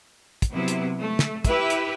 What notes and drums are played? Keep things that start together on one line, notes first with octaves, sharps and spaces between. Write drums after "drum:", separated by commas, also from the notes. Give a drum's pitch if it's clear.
drum: kick, hi-hat
C3 F#3 B3 E4
drum: hi-hat
A3
drum: snare
E4 G4 B4 E5, drum: kick, hi-hat
drum: hi-hat